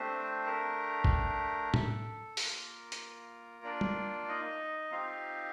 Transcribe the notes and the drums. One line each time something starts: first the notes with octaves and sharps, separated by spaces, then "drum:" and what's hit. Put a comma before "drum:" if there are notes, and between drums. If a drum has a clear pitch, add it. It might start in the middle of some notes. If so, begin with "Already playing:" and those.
Already playing: A3 C4 D4 G4 C5
A#4
drum: kick
A4, drum: tom
A#3 F4 A#4, drum: open hi-hat
drum: hi-hat
D4 D5
drum: tom
D#4 D#5
C4 D#4 F4 G4 F5